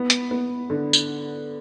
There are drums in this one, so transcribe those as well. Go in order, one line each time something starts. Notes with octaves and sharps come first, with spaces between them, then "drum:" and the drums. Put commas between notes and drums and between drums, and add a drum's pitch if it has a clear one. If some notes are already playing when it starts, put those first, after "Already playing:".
Already playing: B3
drum: hi-hat
B3
D3
drum: tambourine